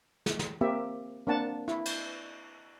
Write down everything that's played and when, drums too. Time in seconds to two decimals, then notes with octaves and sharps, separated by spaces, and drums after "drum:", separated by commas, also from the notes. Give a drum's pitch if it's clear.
0.26 drum: snare
0.39 drum: snare
0.61 A#3 C4 G4 E5
1.27 A#3 C4 D4 F#5 A5
1.68 E4, drum: rim click
1.85 drum: cymbal